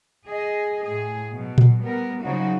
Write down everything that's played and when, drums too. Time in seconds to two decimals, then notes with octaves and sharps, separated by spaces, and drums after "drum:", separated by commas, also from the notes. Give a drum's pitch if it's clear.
0.25 G#4 D#5
0.84 A2 G#4
1.32 B2 F#3
1.58 drum: tom A#2
1.81 G3 B3 A#4
2.23 C#3 F3 F#3 D#4 F#4